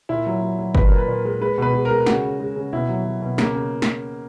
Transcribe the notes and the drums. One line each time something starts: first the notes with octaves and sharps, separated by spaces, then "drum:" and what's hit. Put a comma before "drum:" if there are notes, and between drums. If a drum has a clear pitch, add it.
A#2 E4
F#3
F#3
F#3
A#2 B4, drum: kick
A#4
A#2
B4
A#2
G#3
G#3 B4
B2 B4
G#3
A#4
G#3
C#3 F#4, drum: snare
C#3
G#3
C#3
B2 E4
F#3
F#3
B2
C#3 A#3, drum: snare
C#3
drum: snare